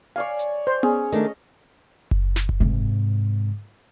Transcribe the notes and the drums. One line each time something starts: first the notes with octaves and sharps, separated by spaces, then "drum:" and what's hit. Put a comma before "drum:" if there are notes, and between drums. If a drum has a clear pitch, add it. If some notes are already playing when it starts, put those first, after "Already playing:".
C#5 D5 F5 G#5
drum: hi-hat
C5
C#4 G#4, drum: tom B3
D#3 A3 D4 D#5, drum: hi-hat
drum: kick F#1
drum: snare
drum: kick F#1
G#2 C3